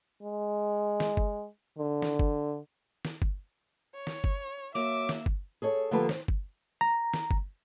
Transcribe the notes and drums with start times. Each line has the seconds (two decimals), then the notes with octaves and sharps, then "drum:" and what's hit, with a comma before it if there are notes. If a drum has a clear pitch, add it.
0.23 G#3
1.00 drum: snare
1.17 drum: kick G1
1.78 D3
2.02 drum: snare
2.19 drum: kick G1
3.05 drum: snare
3.22 drum: kick G1
3.94 C#5
4.07 drum: snare
4.24 drum: kick G1
4.75 F#3 A#3 E5 D6
5.09 drum: snare
5.26 drum: kick G1
5.62 G#4 A4 C#5
5.91 D3 F3 A#3 G4 A4 B4
6.09 C5, drum: snare
6.28 drum: kick G1
6.81 A#5
7.14 drum: snare
7.31 drum: kick G1